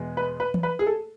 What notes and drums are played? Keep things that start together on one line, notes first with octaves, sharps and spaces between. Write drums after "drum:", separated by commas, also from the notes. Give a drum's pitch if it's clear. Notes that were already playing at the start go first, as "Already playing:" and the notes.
Already playing: E2 B2 G#3 B3
B4
B4
drum: tom E3
B4
G#4
A4